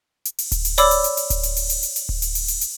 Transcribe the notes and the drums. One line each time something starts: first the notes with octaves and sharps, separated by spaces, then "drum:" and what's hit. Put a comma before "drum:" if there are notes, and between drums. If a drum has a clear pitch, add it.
drum: hi-hat
drum: open hi-hat
drum: kick D1, hi-hat
drum: open hi-hat
C#5 D5 B5 D6 E6, drum: open hi-hat
drum: open hi-hat
drum: hi-hat
drum: open hi-hat
drum: kick D1, hi-hat
drum: open hi-hat
drum: open hi-hat
drum: open hi-hat
drum: hi-hat
drum: open hi-hat
drum: kick D1
drum: open hi-hat
drum: open hi-hat
drum: open hi-hat
drum: hi-hat